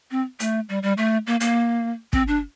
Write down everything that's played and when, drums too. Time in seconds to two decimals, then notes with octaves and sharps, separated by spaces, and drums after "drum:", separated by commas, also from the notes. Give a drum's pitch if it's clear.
0.11 C4
0.40 A3, drum: hi-hat
0.69 G3
0.83 G3
0.98 A3
1.27 A#3
1.40 A#3, drum: hi-hat
2.13 C4, drum: kick
2.28 D4